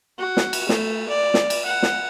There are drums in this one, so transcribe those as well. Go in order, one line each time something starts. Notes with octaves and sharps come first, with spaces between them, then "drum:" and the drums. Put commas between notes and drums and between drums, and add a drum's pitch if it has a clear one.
F#4
drum: snare
drum: cymbal
A3, drum: snare
D5
drum: snare
drum: cymbal
F#5
drum: snare